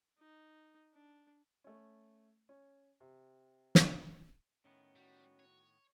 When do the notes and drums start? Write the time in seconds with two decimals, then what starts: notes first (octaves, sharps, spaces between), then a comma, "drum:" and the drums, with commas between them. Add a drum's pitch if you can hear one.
0.18 D#4
0.94 D4
1.64 A3 C#4
2.49 C#4
3.00 C3
3.75 drum: snare
4.64 A2 D#3 B3 C#4
4.96 G3 F#4
5.40 C#5